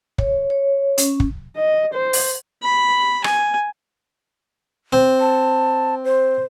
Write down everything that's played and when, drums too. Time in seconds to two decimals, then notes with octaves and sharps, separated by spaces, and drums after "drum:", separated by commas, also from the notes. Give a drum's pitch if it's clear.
0.18 C#5, drum: kick
0.50 C#5
0.98 C#4, drum: hi-hat
1.20 drum: kick
1.56 D#5
1.94 C5
2.13 drum: open hi-hat
2.63 B5
3.24 G#5, drum: rim click
4.93 C4
5.20 A5
6.05 C5